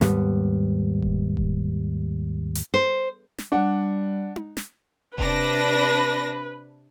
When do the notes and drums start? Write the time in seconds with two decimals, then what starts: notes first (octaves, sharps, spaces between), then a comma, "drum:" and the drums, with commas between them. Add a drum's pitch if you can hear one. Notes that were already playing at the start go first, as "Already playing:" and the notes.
0.01 D#2 G#2 G3 B3, drum: snare
1.02 drum: kick E1
1.37 drum: kick E1
2.55 drum: hi-hat
2.74 C5
3.38 drum: snare
3.52 G3 D4 F#5
4.36 drum: tom D#4
4.57 drum: snare
5.18 C3 D4 B4 A#6, drum: kick E1